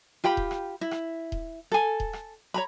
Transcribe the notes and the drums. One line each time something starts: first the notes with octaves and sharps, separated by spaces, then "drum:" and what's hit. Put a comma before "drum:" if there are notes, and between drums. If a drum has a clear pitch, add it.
F4 G4 G5 B5
drum: kick D#1
drum: rim click
E4
drum: rim click
drum: kick D#1
A4 G#5
drum: kick D#1
drum: rim click
C#5 A#5 B5